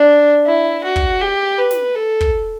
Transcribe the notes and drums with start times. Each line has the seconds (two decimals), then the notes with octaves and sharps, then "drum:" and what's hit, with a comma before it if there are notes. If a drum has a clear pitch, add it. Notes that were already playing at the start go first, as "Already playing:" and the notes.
Already playing: D4
0.46 E4
0.84 F#4
0.96 drum: kick
1.21 G4
1.58 B4
1.71 drum: snare
1.95 A4
2.21 drum: kick